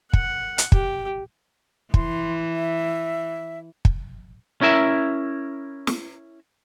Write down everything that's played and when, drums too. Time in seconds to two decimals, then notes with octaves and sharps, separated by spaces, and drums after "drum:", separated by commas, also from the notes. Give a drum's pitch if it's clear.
0.13 F#5, drum: kick
0.58 drum: hi-hat
0.72 G4, drum: kick
1.94 E3 C6, drum: kick
2.52 E5
3.85 drum: kick
4.61 C#4 E4 A#4 E5
5.87 drum: snare